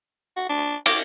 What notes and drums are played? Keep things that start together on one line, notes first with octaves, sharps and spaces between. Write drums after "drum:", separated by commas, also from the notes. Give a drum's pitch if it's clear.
F#4
D4
D6, drum: cymbal